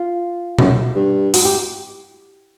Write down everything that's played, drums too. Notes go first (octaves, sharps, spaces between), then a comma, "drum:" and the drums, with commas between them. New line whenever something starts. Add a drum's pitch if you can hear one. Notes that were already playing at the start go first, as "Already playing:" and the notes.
Already playing: F4
F#2, drum: tom B2
G2
F#4, drum: open hi-hat
G4